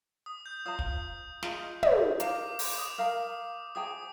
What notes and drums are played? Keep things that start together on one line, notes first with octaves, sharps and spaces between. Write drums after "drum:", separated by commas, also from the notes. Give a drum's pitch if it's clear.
D#6
G6
F4 C5 F5 A#5 D#6
drum: kick
F4 G#4 D#5 A#5, drum: snare
drum: tom
A#4 F5 A#5 D6, drum: hi-hat
D6, drum: open hi-hat
D#6
A#4 F5 A#5 D#6
G#4 C5 G5 A#5 D#6